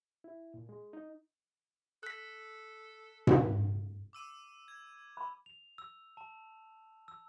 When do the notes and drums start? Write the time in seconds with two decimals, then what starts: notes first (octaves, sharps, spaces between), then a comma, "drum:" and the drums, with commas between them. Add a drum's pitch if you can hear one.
0.24 E4
0.54 A#2
0.69 G#3
0.93 D#4
2.03 A4 F#6 B6
3.27 drum: tom G#2
4.13 D6 E6 D#7
4.68 G#6
5.17 B5
5.46 F7
5.78 E6
6.17 A5
7.08 E6